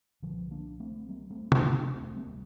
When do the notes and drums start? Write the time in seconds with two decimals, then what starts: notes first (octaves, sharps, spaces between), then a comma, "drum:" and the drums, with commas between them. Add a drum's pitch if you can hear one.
0.22 C2 A#2 D3 F3
0.51 A#3 D4
0.80 A3 C4
1.09 G3 A#3
1.31 A3 C4
1.52 A3 C4, drum: tom
1.73 A#3 D4
1.95 E1 D2 C3 A3 C4
2.16 G3 A#3